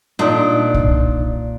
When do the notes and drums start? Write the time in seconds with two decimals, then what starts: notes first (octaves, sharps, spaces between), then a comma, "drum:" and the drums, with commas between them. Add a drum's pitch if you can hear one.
0.19 A#2 D4 D#4 A4
0.74 drum: kick